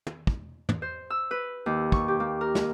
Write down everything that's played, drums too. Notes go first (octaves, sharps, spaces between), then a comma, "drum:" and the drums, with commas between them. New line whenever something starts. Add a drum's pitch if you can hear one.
drum: tom
drum: kick
drum: tom
C5
E6
B4
D#2
C#6, drum: kick
G4
A#3
A#4
drum: snare